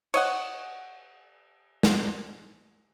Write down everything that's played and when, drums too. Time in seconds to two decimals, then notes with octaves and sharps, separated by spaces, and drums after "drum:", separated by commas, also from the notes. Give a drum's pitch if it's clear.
0.14 C#5 D#5 F#5, drum: cymbal
1.83 drum: snare